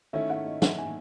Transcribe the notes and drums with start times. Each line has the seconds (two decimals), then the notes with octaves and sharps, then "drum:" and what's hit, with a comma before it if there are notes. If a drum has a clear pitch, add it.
0.13 D#3 A3 C#4 E4 E5
0.30 F#5
0.46 D#5
0.62 F#5, drum: snare
0.78 G#5